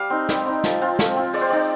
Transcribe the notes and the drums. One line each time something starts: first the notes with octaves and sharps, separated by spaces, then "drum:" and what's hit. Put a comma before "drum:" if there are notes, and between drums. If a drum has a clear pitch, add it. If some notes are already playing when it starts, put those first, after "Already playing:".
Already playing: G3 F5
C4 D#4
G3, drum: snare
C4 D#4
F3, drum: snare
C4 F4
F3, drum: snare
C4 F4
G#3 D5, drum: open hi-hat
C5
C4 D#4 D5